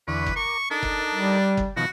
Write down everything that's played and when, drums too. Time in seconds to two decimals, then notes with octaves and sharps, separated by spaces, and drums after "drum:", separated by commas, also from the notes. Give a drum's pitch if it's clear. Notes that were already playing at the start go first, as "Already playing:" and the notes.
0.08 E2 D3 B4 C#6
0.26 drum: kick F#1
0.36 A#4 C#6 D6
0.71 D4 D#4 A4 A#4
0.83 drum: kick F#1
1.14 G3
1.57 drum: kick F#1
1.77 B2 D#3 F3 F#4